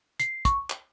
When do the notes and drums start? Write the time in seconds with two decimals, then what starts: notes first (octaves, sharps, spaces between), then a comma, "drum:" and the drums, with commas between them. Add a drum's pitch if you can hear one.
0.20 C7, drum: hi-hat
0.45 C#6, drum: kick, hi-hat
0.70 drum: clap